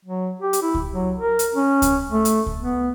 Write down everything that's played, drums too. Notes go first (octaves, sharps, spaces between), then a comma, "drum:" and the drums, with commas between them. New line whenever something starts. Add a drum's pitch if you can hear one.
F#3
G4
drum: hi-hat
E4
drum: kick C#2
F#3
A#4
drum: hi-hat
C#4
drum: kick C#2, hi-hat
A3
drum: hi-hat
drum: kick C#2
B3